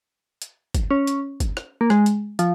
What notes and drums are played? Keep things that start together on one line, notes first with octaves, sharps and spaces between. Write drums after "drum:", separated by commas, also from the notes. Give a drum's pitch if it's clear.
drum: hi-hat
drum: kick, hi-hat
C#4
drum: hi-hat
drum: kick, hi-hat
drum: rim click
A#3
G#3, drum: rim click
drum: hi-hat
F3, drum: hi-hat